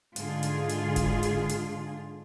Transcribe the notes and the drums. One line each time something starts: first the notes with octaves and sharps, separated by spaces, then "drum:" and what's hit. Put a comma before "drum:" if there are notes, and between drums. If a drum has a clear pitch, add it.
G#2 D3 F4 G#4, drum: hi-hat
drum: hi-hat
drum: hi-hat
drum: kick F1, hi-hat
drum: hi-hat
drum: hi-hat